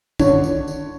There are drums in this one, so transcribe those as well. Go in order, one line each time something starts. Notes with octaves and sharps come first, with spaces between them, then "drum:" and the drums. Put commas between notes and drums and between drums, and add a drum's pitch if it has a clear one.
D3 C#5, drum: kick, tambourine
drum: tambourine
drum: tambourine